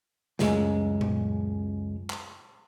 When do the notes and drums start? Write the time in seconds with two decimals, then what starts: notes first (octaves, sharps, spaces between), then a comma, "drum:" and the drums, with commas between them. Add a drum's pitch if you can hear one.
0.39 C#2 F#2 G#3, drum: snare
1.01 drum: tom A#2
2.10 drum: clap